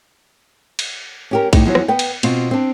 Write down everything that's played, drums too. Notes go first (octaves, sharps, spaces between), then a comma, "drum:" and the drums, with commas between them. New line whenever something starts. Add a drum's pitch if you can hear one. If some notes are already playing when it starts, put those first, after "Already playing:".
drum: cymbal
C#4 G4 A#4
A2 D#4 G4, drum: kick B1, cymbal
E2 F3 F#3
drum: rim click
B3 B4 G5
drum: cymbal
B2 C4 F4, drum: cymbal
C4 D4